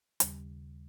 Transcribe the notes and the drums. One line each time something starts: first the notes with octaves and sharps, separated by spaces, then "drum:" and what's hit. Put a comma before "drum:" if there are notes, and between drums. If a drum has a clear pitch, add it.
D#2 C#3 G3, drum: hi-hat